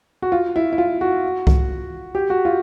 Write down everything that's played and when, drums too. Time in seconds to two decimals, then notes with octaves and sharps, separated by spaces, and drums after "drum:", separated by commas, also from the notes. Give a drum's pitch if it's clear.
0.22 F#4
0.32 F4
0.56 E4
0.73 E4
0.78 F4
1.01 F#4
1.47 drum: kick C2
2.15 G4
2.30 F#4
2.45 F4